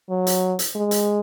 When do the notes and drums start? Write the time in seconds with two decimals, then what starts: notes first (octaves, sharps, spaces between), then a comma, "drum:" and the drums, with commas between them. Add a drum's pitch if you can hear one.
0.10 F#3
0.27 drum: hi-hat
0.59 drum: hi-hat
0.75 G#3
0.91 drum: hi-hat